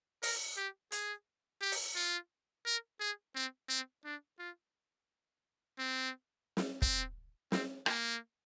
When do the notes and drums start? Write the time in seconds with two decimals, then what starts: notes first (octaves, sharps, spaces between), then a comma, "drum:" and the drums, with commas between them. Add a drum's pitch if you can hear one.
0.23 A#4, drum: open hi-hat
0.57 G4
0.92 G#4, drum: hi-hat
1.61 G4
1.72 drum: open hi-hat
1.96 F4
2.66 A#4
3.00 G#4
3.35 C4
3.69 C4
4.05 D4
4.39 F4
5.78 C4
6.57 drum: snare
6.82 C4, drum: kick
7.52 C4, drum: snare
7.86 A#3, drum: rim click